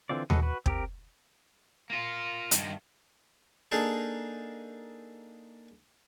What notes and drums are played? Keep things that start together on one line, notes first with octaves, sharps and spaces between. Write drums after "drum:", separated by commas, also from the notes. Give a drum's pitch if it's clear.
D3 E3 C4 F4 D5
F#4 G#4 A4 B4 D#5, drum: tom D#2
F#4 B4
C4 G4 A#4, drum: kick
A#3 F4
G2 D#3, drum: hi-hat
A#3 D4 D#4 G#4 A4